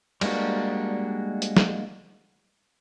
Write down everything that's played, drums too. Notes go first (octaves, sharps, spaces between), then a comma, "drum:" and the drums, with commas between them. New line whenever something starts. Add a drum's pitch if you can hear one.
G3 G#3 A#3 D4 F#4, drum: cymbal
drum: hi-hat
drum: snare